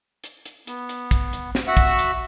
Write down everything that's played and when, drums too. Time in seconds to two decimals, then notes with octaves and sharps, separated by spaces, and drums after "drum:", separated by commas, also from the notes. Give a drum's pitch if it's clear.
0.24 drum: hi-hat
0.46 drum: hi-hat
0.67 B3, drum: hi-hat
0.89 drum: hi-hat
1.11 drum: kick, hi-hat
1.33 drum: hi-hat
1.55 drum: snare
1.68 F#4 E5 F#5 E6
1.77 drum: kick, hi-hat
1.99 drum: hi-hat